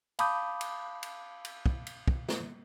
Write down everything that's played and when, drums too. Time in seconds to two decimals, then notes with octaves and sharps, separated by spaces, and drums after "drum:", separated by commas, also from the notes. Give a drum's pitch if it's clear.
0.19 F5 A5 B5 D6 D#6 G6, drum: cymbal
0.61 drum: cymbal
1.03 drum: cymbal
1.45 drum: cymbal
1.66 drum: kick
1.87 drum: cymbal
2.08 drum: kick
2.29 drum: snare